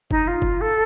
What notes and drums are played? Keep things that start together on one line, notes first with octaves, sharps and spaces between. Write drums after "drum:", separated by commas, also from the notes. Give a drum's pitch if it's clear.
D#4, drum: kick F#1
F4
drum: kick F#1
A4